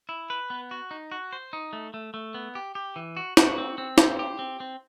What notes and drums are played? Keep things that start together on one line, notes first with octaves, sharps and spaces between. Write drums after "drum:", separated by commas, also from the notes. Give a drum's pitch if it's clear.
E4
B4
B3
F#4
D#4
F#4
C5
D#4
A3
A3
A3
B3
G4
G4
E3
F#4
F#4, drum: snare
C4
C4
C5, drum: snare
G4
C4
C4